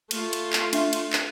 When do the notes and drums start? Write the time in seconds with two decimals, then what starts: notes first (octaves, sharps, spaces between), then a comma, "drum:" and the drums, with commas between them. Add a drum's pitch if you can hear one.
0.11 A3 F4, drum: cymbal
0.33 drum: cymbal
0.53 drum: clap
0.73 D4 E5, drum: cymbal
0.93 drum: cymbal
1.13 drum: clap